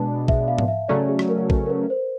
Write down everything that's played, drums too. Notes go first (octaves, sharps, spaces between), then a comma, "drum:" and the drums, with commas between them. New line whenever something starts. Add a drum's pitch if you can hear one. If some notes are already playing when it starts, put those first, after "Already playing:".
Already playing: B2 G#3 B3 D4 A5
E5, drum: kick
F5
drum: tom G#2
E5
C#3 F#3 A3 C#4 D5
G#4
drum: rim click
A#4
B4, drum: kick
A#4
B4
C5